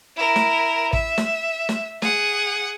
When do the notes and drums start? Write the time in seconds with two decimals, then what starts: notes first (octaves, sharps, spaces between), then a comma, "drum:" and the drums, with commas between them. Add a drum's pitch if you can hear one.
0.17 E4 A#4
0.36 drum: snare
0.93 E5, drum: kick
1.18 drum: snare
1.69 drum: snare
2.02 G#4 F#5, drum: snare